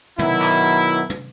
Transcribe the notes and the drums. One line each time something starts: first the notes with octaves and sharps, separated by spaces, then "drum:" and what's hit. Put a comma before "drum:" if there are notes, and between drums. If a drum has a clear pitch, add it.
B2 D#3 F#3 E4, drum: tom
drum: clap
drum: tom